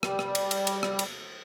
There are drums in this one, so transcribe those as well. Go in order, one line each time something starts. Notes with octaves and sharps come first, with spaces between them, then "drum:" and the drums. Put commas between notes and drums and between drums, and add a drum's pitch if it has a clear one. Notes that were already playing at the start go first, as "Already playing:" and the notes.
G3, drum: rim click
drum: rim click
drum: cymbal
drum: cymbal
drum: cymbal
drum: rim click
drum: cymbal